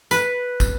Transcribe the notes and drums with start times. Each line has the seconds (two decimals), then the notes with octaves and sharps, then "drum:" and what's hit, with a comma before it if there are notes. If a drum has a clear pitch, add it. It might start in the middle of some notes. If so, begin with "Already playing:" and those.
0.11 B4, drum: tambourine
0.60 drum: kick, tambourine